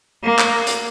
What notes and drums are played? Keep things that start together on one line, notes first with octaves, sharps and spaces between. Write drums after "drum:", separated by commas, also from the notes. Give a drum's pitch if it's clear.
A#3
drum: clap
drum: hi-hat